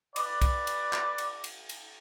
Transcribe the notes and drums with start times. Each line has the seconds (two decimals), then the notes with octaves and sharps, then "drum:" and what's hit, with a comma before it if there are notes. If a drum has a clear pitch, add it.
0.16 B4 D5, drum: cymbal
0.42 drum: kick, cymbal
0.67 drum: cymbal
0.93 drum: clap
1.18 drum: cymbal
1.44 drum: cymbal
1.69 drum: cymbal